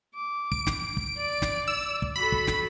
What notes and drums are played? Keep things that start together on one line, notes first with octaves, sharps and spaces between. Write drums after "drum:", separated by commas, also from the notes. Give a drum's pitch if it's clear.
D6
D7, drum: kick
drum: snare
drum: kick
D5
drum: snare
E6
drum: kick
F#4 A4 B5
drum: kick
drum: snare